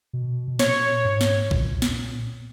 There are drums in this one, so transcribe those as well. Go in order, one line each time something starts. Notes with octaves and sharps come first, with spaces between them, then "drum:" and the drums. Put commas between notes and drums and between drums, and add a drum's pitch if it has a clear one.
B2
B2
A#2 C#5, drum: snare
G#2
drum: snare
A#2, drum: kick B1
drum: snare